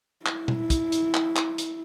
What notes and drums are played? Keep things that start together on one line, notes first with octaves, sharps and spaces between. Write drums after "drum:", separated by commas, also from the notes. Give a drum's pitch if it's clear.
E4, drum: clap
drum: tom B2
drum: kick, hi-hat
drum: hi-hat
drum: clap
drum: clap
drum: hi-hat